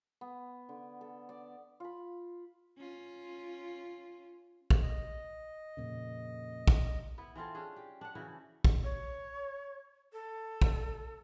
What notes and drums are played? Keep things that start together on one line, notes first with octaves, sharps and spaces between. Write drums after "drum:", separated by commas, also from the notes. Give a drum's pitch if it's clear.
B3
D3
A4
D5
F4 B5
C#4 F4
drum: kick
D#5
F2 A#2 C#3
drum: kick
B3 E4
E3 C4 F4 A4
C#4 D4 G#4
G4
D4 F#5
C#3 E3 E4 F#4
drum: kick
C#5
A4
drum: kick